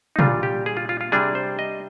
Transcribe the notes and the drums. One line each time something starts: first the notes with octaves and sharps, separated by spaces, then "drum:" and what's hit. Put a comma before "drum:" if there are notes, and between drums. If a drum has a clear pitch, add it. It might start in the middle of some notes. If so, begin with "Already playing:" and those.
D#4
A#2 G3 D4 F4, drum: tom
G4
G#4
F4
F4
F4
C3 G3 D4 G#4
C5
D#5